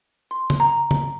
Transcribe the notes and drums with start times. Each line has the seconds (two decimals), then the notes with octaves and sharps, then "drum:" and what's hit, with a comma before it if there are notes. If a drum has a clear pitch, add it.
0.31 C6
0.50 drum: tom C#3
0.60 A#5
0.91 drum: tom C#3